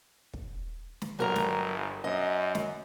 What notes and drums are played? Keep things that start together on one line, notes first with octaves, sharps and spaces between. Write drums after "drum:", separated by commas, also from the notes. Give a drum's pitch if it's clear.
drum: kick
drum: snare
G1 F#3 A#4 A#5
drum: snare
F#2 D#5
drum: snare